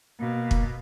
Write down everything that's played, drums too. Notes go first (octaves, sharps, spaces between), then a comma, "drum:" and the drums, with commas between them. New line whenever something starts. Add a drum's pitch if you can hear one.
B2 A#3
drum: kick